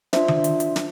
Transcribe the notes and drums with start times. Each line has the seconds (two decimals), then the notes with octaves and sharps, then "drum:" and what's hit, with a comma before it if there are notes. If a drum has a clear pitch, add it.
0.13 D4 F4 C5 E5, drum: snare
0.28 drum: tom D#3
0.44 drum: hi-hat
0.60 drum: hi-hat
0.76 drum: snare